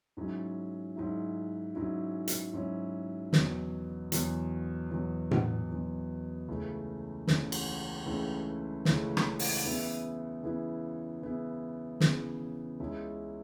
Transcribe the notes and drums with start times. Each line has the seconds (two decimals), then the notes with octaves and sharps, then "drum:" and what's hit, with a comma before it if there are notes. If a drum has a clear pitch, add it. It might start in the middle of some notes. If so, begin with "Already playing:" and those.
0.17 G#2 F#3 C#4 E4
0.96 G#2 F#3 C#4 E4
1.75 G#2 F#3 C#4 E4
2.27 drum: hi-hat
2.53 G#2 F#3 C#4 E4
3.33 E2 B2 F#3, drum: snare
4.12 E2 B2 F#3, drum: hi-hat
4.91 E2 B2 F#3
5.31 drum: tom A2
5.69 E2 B2 F#3
6.48 C#2 C#3 E3 A3 C#4
7.27 C#2 C#3 E3 A3 C#4, drum: snare
7.52 drum: cymbal
8.06 C#2 C#3 E3 A3 C#4
8.85 C#2 C#3 E3 A3 C#4, drum: snare
9.17 drum: rim click
9.39 drum: open hi-hat
9.64 C#3 E3 B3 E4
10.43 C#3 E3 B3 E4
11.22 C#3 E3 B3 E4
12.00 C#3 E3 B3 E4, drum: snare
12.80 C#2 C#3 G#3 C#4 E4